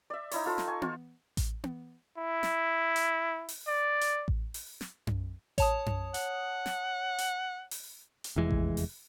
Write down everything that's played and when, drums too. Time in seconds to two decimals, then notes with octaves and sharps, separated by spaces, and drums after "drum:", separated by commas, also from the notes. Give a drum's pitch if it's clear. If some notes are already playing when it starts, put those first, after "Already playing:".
0.10 D5 E5
0.31 D#4 E4 C#5, drum: open hi-hat
0.46 F4 A4 C5
0.58 drum: snare
0.68 G#5 C#6
0.82 F4 C5 C#6, drum: tom B3
1.37 drum: kick A1, hi-hat
1.64 drum: tom B3
2.18 E4
2.43 drum: snare
2.96 drum: hi-hat
3.49 drum: open hi-hat
3.68 D5
4.01 drum: hi-hat
4.28 drum: kick A1
4.54 drum: open hi-hat
4.81 drum: snare
5.07 drum: tom F#2
5.58 C#5 A5 D#6, drum: kick A1, hi-hat
5.86 drum: tom F#2
6.14 F#5, drum: hi-hat
6.66 drum: snare
7.18 drum: hi-hat
7.71 drum: open hi-hat
8.24 drum: hi-hat
8.36 F1 E2 E3 G#3
8.51 drum: kick A1
8.77 drum: open hi-hat